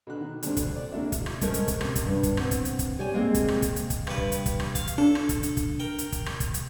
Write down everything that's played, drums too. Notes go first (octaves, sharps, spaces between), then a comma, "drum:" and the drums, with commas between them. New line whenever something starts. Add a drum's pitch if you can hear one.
B2 D3 F#6
D#3
D2 G2 D4 A4 C5 F#6, drum: hi-hat
drum: kick, hi-hat
D5
G#3 A#3 D4 E4 F#4
drum: kick, hi-hat
drum: rim click
G#3 A3 C#4 A#4 C5, drum: kick, hi-hat
drum: hi-hat
drum: kick, hi-hat
C3, drum: rim click
drum: kick, hi-hat
G2
drum: kick, hi-hat
B3 C4, drum: rim click
drum: kick, hi-hat
drum: hi-hat
drum: kick, hi-hat
G4 C#5 D5 G5 G#5
G#3 A#3 C4 G#4
drum: kick, hi-hat
drum: rim click
drum: kick, hi-hat
drum: hi-hat
drum: kick, hi-hat
G2 B4, drum: rim click
drum: kick
drum: hi-hat
drum: kick, hi-hat
drum: rim click
F5, drum: kick, hi-hat
drum: hi-hat
D4 A4
drum: rim click
drum: kick, hi-hat
drum: hi-hat
drum: kick, hi-hat
A#4 G5
drum: hi-hat
drum: kick, hi-hat
drum: rim click
drum: kick, hi-hat
drum: hi-hat